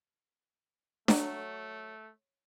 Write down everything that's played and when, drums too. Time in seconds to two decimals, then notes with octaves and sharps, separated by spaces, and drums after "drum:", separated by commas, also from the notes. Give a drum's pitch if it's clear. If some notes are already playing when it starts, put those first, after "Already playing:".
1.08 F#3 A3, drum: snare D4